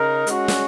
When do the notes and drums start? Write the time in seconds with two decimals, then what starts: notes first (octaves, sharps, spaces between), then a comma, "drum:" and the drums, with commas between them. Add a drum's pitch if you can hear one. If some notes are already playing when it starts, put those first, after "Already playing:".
Already playing: C#3 D#4 A#4
0.27 G#3 C#4 F#4, drum: hi-hat
0.48 drum: snare